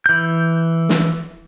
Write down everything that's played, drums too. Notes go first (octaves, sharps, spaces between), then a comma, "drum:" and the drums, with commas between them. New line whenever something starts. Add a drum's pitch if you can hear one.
E3 G6
drum: snare